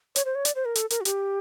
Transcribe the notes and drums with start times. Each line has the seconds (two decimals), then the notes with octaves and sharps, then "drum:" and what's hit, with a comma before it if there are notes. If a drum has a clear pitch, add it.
0.16 C#5, drum: hi-hat
0.25 C5
0.35 C#5
0.45 D5, drum: hi-hat
0.56 C5
0.65 A#4
0.75 A4, drum: hi-hat
0.90 A#4, drum: hi-hat
1.01 F#4
1.05 G4, drum: hi-hat